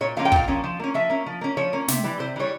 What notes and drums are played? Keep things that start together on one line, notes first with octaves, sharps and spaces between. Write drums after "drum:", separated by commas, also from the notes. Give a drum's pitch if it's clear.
A#2 C#5
F3 A#3 C#4 F5
G5
A#2 F5, drum: kick
F3 A#3 C#4
F3
A#3 C#4
F3 E5
A#3 C#4
F3
A#3 C#4
F3 C#5
A#3 C#4
C3, drum: snare
E3 G3
C3 C5
E3 G3 C#5